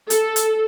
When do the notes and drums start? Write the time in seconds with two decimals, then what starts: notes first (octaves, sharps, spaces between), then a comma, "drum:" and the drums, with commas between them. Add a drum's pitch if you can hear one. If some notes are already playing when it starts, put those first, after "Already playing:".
0.10 A4, drum: hi-hat
0.36 drum: hi-hat